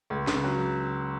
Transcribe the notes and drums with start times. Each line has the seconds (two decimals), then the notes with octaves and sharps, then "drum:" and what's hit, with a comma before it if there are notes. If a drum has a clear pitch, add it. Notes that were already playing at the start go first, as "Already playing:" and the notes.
0.10 C#2
0.27 C#3, drum: snare
0.44 F#3